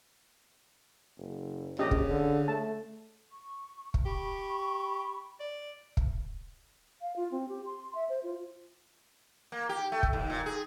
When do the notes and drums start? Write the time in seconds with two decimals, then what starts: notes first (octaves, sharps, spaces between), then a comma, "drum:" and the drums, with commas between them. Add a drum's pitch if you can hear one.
1.17 F#1
1.79 A#1 C#3 C#4 G4 D#5
1.91 drum: kick
2.10 D3
2.48 A3 A5
3.31 C#6
3.94 drum: kick
4.06 G4 B5 C#6
5.40 D5
5.97 drum: kick
7.02 F5
7.16 F4
7.32 C4
7.49 G4
7.66 C6
7.95 E5
8.09 C5
8.23 F4
9.52 A#3
9.69 G4
9.92 A3
10.03 drum: kick
10.13 D#2
10.30 A#2
10.46 G#4